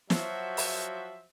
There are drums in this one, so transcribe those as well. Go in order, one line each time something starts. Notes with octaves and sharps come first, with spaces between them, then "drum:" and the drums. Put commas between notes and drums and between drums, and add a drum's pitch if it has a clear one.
F3 F#3 F#4 C5 E5, drum: snare
drum: open hi-hat